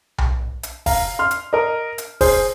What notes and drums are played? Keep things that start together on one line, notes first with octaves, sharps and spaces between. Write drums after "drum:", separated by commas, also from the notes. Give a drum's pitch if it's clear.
drum: tom B1
drum: hi-hat
F5 A#5, drum: kick, open hi-hat
C6 F6
drum: hi-hat
A#4 D#5
drum: hi-hat
G#4 C5, drum: kick, open hi-hat